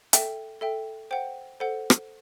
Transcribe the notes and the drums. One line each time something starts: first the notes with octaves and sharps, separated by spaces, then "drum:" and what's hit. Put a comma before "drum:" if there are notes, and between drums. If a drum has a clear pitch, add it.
A4 E5 G5, drum: hi-hat
A4 E5 G5
C5 F#5 G5
A4 C5 F#5
drum: rim click